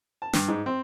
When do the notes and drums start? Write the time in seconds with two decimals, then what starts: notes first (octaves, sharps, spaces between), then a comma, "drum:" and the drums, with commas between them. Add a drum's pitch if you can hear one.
0.22 A5
0.33 G2, drum: snare
0.48 G#2
0.66 C4